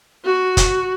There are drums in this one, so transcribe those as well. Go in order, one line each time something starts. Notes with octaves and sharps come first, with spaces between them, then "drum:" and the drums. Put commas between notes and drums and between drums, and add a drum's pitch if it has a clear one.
F#4
drum: kick, hi-hat